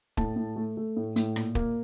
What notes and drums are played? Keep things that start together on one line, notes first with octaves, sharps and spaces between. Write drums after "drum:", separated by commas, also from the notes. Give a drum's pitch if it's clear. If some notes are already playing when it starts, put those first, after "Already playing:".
A2 A5, drum: kick
A2
A3
A3
A2
A2, drum: hi-hat
A#2, drum: rim click
A#3, drum: kick